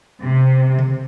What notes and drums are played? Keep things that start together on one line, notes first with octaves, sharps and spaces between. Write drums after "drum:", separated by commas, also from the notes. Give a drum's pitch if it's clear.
C3
drum: tom C3